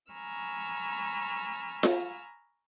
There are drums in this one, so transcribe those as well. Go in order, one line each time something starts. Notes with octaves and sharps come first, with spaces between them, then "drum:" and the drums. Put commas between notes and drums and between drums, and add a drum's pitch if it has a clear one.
G#5 A#5 B5 C#6 E6 F6
drum: snare F4